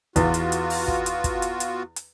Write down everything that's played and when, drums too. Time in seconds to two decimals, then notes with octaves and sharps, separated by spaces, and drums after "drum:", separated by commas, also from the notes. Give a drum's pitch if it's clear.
0.16 E2 B3 F4 F#4, drum: kick, hi-hat
0.34 drum: hi-hat
0.52 drum: hi-hat
0.70 drum: open hi-hat
0.88 drum: kick
1.06 drum: hi-hat
1.24 drum: kick, hi-hat
1.42 drum: hi-hat
1.60 drum: hi-hat
1.96 drum: hi-hat